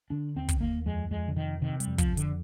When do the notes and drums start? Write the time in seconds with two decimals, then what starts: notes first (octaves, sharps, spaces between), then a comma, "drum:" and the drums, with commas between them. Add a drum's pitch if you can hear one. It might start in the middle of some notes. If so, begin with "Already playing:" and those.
0.10 D3 D4
0.35 D#2 C4
0.49 drum: kick, hi-hat
0.61 D#2 A#3
0.86 F2 G#3
1.11 F2 G#3
1.28 D3
1.36 C3 D#3
1.62 C3 D#3
1.80 G3, drum: hi-hat
1.87 F2
1.98 F3, drum: kick, hi-hat
2.12 F2
2.17 D3, drum: hi-hat